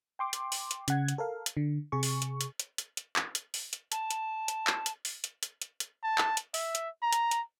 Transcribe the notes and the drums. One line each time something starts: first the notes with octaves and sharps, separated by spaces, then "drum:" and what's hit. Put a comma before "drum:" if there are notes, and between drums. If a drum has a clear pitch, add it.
G5 C6 D6
drum: hi-hat
drum: open hi-hat
drum: hi-hat
C#3 F#5 G#6, drum: hi-hat
drum: hi-hat
A4 A#4 F5
drum: hi-hat
D3
C3 G#4 C#6
drum: open hi-hat
drum: hi-hat
drum: hi-hat
drum: hi-hat
drum: hi-hat
drum: hi-hat
drum: clap
drum: hi-hat
drum: open hi-hat
drum: hi-hat
A5, drum: hi-hat
drum: hi-hat
drum: hi-hat
drum: clap
drum: hi-hat
drum: open hi-hat
drum: hi-hat
drum: hi-hat
drum: hi-hat
drum: hi-hat
A5
drum: clap
drum: hi-hat
E5, drum: open hi-hat
drum: hi-hat
A#5
drum: hi-hat
drum: hi-hat